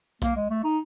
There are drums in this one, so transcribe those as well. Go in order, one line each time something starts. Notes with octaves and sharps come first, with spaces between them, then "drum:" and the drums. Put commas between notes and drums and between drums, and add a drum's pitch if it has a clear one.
A#3, drum: kick B1, hi-hat
G#3
A3
D#4